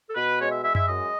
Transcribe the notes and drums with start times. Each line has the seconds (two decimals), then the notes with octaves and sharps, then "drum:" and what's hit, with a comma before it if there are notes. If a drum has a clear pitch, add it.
0.10 A4
0.15 B2 B4
0.39 G#3 C#5
0.51 E5
0.63 G#3 E5
0.75 E5, drum: tom F#2
0.87 F#2 D#5